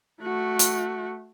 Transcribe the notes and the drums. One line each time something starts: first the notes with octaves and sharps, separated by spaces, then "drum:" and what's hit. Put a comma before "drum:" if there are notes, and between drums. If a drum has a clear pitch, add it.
A3 F#4
drum: hi-hat